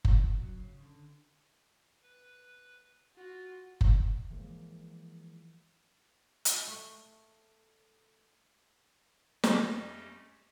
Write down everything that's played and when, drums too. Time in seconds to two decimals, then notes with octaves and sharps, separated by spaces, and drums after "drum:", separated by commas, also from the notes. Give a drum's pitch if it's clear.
0.05 F3, drum: kick F#1
0.16 C#3
0.35 F#3
0.58 C#3
0.81 D3
2.03 B4
3.16 F4 F#4
3.81 drum: kick F#1
4.31 E3 F3 G#3 A#3
6.45 drum: hi-hat
6.67 A3
9.44 F2 G3 A3 C#4 G4 D#5, drum: snare